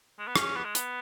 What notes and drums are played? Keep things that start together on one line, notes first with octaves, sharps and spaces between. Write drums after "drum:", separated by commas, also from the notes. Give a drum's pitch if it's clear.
G#3
B3
C#4, drum: rim click
B3
G#3
B3, drum: hi-hat